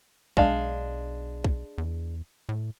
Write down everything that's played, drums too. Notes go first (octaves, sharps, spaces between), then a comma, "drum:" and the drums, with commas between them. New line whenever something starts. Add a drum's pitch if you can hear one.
B1 G#3 D4 F5, drum: kick
drum: kick
E2
A2